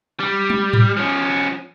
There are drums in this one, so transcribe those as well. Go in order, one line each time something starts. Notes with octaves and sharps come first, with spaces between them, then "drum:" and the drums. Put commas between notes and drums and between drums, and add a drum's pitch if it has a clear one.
G3
drum: tom G#3
drum: tom G#2
F3 C#4